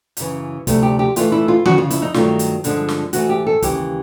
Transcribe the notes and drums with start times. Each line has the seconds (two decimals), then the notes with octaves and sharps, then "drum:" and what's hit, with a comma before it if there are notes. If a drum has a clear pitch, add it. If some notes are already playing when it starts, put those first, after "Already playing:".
0.17 F#2 C#3 E3, drum: hi-hat
0.67 D2 C3 F3 A3, drum: kick, hi-hat
0.83 G4
0.99 G4
1.16 A2 E3 A3 F4, drum: hi-hat
1.32 E4
1.48 F4
1.65 F2 C#3 F3 F#4, drum: tom D3
1.78 F4
1.90 E4, drum: hi-hat
2.02 D#4
2.14 G2 D#3 F#3 A3 F4, drum: snare
2.39 drum: hi-hat
2.64 G2 D3 F3 G#3, drum: hi-hat
2.89 drum: snare
3.13 G#2 E3 A3 F#4, drum: hi-hat
3.29 G4
3.47 A4
3.62 D#2 C#3 E3 G#3 G4, drum: kick, hi-hat